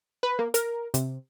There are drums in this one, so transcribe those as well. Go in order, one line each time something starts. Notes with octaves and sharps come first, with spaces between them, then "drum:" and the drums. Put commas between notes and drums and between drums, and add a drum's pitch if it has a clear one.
B4
A#3
A#4, drum: hi-hat
C3, drum: hi-hat